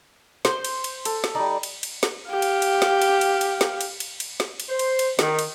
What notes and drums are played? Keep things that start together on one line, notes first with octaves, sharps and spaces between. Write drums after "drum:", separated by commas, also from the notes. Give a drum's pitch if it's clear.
C5, drum: snare
drum: cymbal
drum: cymbal
A4, drum: cymbal
drum: snare
G3 D#4 D5
drum: cymbal
drum: cymbal
drum: snare
G4 F5
drum: cymbal
drum: cymbal
drum: snare
drum: cymbal
drum: cymbal
drum: cymbal
drum: snare
drum: cymbal
drum: cymbal
drum: cymbal
drum: snare
drum: cymbal
C5
drum: cymbal
drum: cymbal
D#3, drum: snare
drum: cymbal